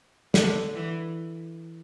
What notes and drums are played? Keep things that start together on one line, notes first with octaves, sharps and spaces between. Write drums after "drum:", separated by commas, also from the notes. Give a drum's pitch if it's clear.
D3, drum: snare
E3